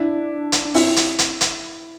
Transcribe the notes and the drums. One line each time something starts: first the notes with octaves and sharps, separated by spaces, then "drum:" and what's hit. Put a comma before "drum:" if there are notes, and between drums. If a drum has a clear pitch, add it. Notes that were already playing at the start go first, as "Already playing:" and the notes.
Already playing: D4 E4
drum: hi-hat
D4
C4 E4, drum: open hi-hat
drum: hi-hat
drum: hi-hat
drum: hi-hat